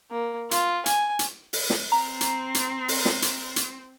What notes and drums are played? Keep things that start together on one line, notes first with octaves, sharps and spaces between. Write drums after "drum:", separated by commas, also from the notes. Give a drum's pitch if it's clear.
A#3
F4, drum: hi-hat
G#5, drum: hi-hat
drum: hi-hat
drum: open hi-hat
drum: snare
C4 A#5
drum: hi-hat
drum: hi-hat
drum: open hi-hat
drum: snare
drum: hi-hat
drum: hi-hat